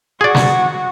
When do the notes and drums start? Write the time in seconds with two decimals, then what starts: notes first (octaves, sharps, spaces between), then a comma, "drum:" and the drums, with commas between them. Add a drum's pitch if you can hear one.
0.21 F#4 G#4 D5
0.35 drum: snare